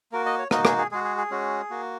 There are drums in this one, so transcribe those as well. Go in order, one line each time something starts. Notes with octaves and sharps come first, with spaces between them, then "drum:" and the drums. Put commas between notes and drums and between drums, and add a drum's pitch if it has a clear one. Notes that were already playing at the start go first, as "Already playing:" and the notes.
A#3 F#4 A#4
D#5
C#5
A#3 D#4 F#4 D#5, drum: rim click
G#4, drum: rim click
G#4
G#3 F#4 G#4
G#4
G#4
G#3 C#4 F#4
A#3 F#4